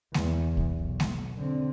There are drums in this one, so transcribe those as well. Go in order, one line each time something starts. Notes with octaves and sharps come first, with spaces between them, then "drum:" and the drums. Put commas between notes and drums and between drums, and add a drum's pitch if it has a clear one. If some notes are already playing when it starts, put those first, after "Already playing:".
E2, drum: snare G#3
drum: kick
B1
drum: snare G#3
D3 C4